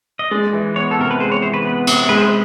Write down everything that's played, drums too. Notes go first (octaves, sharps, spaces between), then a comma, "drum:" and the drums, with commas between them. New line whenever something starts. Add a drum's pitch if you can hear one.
D#5
G#3 D5
E3
B3 C#5
A4
C3 A#4
B4
G#3 C5
C#5
E3 C5
B4
B3 B4
C3, drum: cymbal
G#3 B4
C5
B4